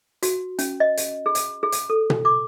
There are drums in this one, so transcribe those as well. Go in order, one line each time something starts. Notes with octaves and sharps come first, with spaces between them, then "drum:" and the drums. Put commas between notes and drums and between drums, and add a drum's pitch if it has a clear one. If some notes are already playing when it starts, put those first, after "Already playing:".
F#4, drum: hi-hat
C#4, drum: hi-hat
D#5
drum: hi-hat
G#4
drum: hi-hat
G#4
drum: hi-hat
A4
drum: tom B2
D6